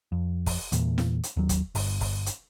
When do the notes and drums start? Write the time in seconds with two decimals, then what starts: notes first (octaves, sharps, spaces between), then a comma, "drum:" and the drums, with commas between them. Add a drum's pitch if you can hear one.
0.12 F2
0.46 drum: kick, open hi-hat
0.72 E2 A#2, drum: hi-hat
0.98 drum: snare
1.23 drum: hi-hat
1.37 D#2 F#3
1.49 drum: kick, hi-hat
1.75 G1, drum: open hi-hat
2.01 drum: kick, open hi-hat
2.26 drum: hi-hat